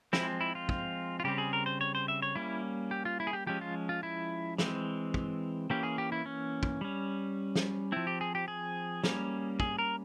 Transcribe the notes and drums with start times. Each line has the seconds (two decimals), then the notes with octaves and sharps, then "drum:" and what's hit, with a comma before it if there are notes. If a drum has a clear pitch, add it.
0.13 F3 G#3 C4 E4, drum: snare
0.41 E4
0.55 F4
0.69 drum: kick
1.20 F4
1.24 C#3 G3 C4 G4
1.38 G#4
1.53 A#4
1.66 C5
1.81 C#5
1.95 C5
2.08 E5
2.22 C#5
2.36 G3 A#3 C#4 E4
2.91 G4
3.05 F4
3.20 E4
3.27 G#4
3.33 G4
3.47 F3 G#3 C#4 G4
3.61 F4
3.89 F4
4.03 E4
4.58 E3 G#3 C4, drum: snare
5.14 drum: kick
5.70 E3 A#3 C#4 G4
5.83 G#4
5.98 G4
6.12 E4
6.26 C#4
6.63 drum: kick
6.81 G3 C#4
7.56 drum: snare
7.92 F3 C4 E4
8.07 G4
8.21 G#4
8.35 G4
8.48 G#4
9.03 G3 A#3 C#4, drum: snare
9.60 G#4, drum: kick
9.79 A#4